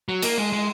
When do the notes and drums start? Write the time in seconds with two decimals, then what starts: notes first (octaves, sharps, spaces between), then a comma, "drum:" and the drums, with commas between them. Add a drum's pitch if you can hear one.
0.09 F#3
0.22 A#3, drum: cymbal
0.38 G#3
0.53 G#3